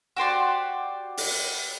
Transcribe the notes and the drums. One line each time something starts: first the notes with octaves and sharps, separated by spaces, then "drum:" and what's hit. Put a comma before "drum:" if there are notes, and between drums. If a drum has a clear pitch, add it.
F#4 G4 C5 D5
drum: open hi-hat